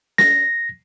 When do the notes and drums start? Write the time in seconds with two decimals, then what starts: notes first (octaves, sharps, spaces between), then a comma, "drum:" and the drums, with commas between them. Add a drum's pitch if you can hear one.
0.18 A#6, drum: snare